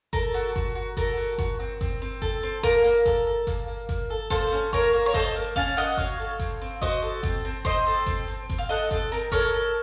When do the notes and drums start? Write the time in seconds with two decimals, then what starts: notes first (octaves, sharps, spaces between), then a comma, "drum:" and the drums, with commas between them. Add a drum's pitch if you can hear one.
0.13 A4 A#4, drum: kick G1, hi-hat
0.34 F#4
0.56 F#4, drum: kick G1, hi-hat
0.75 F#4
0.97 A4 A#4, drum: kick G1, hi-hat
1.17 F#4
1.38 F#4, drum: kick G1, hi-hat
1.60 C4
1.81 C4, drum: kick G1, hi-hat
2.02 C4
2.22 A4, drum: kick G1, hi-hat
2.43 C4
2.63 A#3 A#4, drum: kick G1, hi-hat
2.84 A#3
3.06 A4, drum: kick G1, hi-hat
3.27 A4
3.47 A#3, drum: kick G1, hi-hat
3.68 A#3
3.89 A#3, drum: kick G1, hi-hat
4.10 A4
4.30 A#3 A4 C5, drum: kick G1, hi-hat
4.52 C#4
4.73 A#3 A#4 C#5, drum: kick G1, hi-hat
4.93 A#3
5.06 C#5
5.14 A4 C5 D#5, drum: kick G1, hi-hat
5.36 A#3
5.56 C#4 F5 A5, drum: kick G1
5.77 A#3 D#5 F#5
5.97 F#4 C#5 F5, drum: kick G1, hi-hat
6.19 A4
6.39 C4, drum: kick G1, hi-hat
6.61 C4
6.82 F#4 C5 D#5, drum: kick G1, hi-hat
7.03 A4
7.23 C4, drum: kick G1, hi-hat
7.45 C4
7.65 C4 C5 D#5, drum: kick G1, hi-hat
7.87 A4
8.07 C4, drum: kick G1, hi-hat
8.28 C4
8.50 C4, drum: kick G1, hi-hat
8.58 F5
8.69 A4 D#5 F#5
8.91 C4 A4, drum: kick G1, hi-hat
9.12 C4 A#4
9.32 A4 A#4 C#5, drum: kick G1, hi-hat
9.54 A4